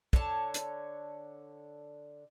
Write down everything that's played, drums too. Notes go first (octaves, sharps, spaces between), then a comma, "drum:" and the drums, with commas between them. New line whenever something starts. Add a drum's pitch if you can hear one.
D3 C#5 A5, drum: kick
drum: hi-hat